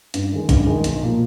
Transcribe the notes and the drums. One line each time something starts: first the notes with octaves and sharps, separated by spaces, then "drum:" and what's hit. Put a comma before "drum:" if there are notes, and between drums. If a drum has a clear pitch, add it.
G2, drum: hi-hat
D#3 G#3
G2, drum: kick, hi-hat
D#3 G#3
B1, drum: hi-hat
A#2 F3